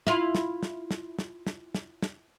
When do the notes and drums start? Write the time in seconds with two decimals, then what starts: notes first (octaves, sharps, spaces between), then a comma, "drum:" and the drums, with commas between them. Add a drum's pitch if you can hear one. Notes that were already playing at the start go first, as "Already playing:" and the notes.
0.07 E4 F4, drum: snare
0.35 drum: snare
0.63 drum: snare
0.91 drum: snare
1.19 drum: snare
1.47 drum: snare
1.75 drum: snare
2.02 drum: snare